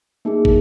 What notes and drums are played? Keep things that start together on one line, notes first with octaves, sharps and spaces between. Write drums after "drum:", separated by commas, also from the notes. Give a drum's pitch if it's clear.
A#3 D#4 G#4
drum: kick